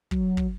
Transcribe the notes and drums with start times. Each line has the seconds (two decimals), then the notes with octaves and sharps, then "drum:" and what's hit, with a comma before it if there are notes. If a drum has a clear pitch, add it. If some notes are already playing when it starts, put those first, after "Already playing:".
0.11 F#3, drum: kick
0.37 drum: kick